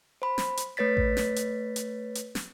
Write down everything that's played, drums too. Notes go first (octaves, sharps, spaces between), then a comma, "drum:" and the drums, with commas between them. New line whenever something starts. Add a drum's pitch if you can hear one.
C5 B5
drum: snare
drum: hi-hat
A3 B4 C#5 A6 B6
drum: kick A1
drum: snare
drum: hi-hat
drum: hi-hat
drum: hi-hat
drum: snare